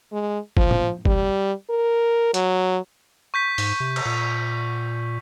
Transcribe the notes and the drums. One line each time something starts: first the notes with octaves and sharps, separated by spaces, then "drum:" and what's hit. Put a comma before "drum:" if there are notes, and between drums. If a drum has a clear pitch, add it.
G#3
F3, drum: kick
drum: tom
G3, drum: kick
A#4
F#3, drum: hi-hat
C#6 G6 B6
G#2, drum: open hi-hat
C3
drum: cymbal
A#2